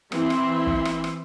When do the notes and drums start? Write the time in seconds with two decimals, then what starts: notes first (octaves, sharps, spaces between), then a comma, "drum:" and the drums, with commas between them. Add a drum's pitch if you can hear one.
0.12 E3 C4 E4 E5 C6, drum: rim click
0.30 drum: rim click
0.67 drum: kick
0.85 drum: rim click
1.04 drum: rim click